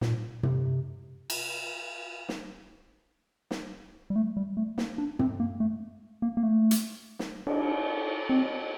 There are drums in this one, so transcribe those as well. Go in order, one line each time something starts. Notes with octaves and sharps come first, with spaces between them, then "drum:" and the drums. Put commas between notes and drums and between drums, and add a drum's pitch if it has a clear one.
A#2, drum: snare
C3, drum: tom
drum: cymbal
drum: snare
drum: snare
G3
A3
G3
A3
A#3, drum: snare
D4
C4, drum: tom
A#3
A3
A#3
A#3
A3
drum: hi-hat
drum: snare
D4, drum: cymbal
C4